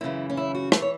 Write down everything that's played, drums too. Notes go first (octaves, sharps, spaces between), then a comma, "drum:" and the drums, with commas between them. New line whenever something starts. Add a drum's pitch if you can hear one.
F#2 C#3 E3 E4
C#4
E4
F#4
E3 A4, drum: rim click
C#5